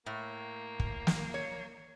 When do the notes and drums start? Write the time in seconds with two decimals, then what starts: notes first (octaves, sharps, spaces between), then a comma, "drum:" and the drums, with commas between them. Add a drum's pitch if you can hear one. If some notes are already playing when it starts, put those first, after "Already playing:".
0.06 A2 A#3
0.80 drum: kick
1.07 drum: snare
1.34 C#5